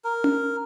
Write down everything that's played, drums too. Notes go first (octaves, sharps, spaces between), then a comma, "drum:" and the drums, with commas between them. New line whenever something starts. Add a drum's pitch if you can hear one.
A#4
drum: tom C#4